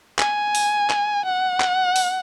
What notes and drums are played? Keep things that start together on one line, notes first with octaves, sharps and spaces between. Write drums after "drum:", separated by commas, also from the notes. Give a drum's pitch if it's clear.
G#5, drum: clap
drum: open hi-hat
drum: clap
F#5
drum: clap
drum: open hi-hat